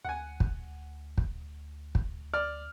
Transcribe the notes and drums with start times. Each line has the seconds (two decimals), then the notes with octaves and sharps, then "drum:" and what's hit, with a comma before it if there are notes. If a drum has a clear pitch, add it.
0.05 D2 F#5 G#5
0.40 drum: kick
1.18 drum: kick
1.95 drum: kick
2.34 D5 F6